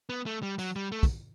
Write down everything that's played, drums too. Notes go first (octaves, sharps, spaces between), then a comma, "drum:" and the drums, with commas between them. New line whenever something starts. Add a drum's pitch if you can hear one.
B3
A3
G3
F#3, drum: tambourine
G3
A3
drum: kick, tambourine